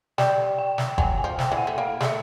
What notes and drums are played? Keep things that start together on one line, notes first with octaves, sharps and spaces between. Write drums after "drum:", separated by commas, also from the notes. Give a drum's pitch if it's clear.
G3 G5, drum: snare
G5
drum: snare
F#3 G#5, drum: kick
G#5
F3
G5, drum: snare
E3
F#5
A3
A#3 F5
G#3, drum: snare
A3 E5